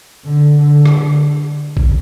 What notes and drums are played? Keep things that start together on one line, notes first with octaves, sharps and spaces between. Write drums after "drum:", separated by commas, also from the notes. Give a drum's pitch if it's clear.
D3
D3
drum: rim click
drum: kick A1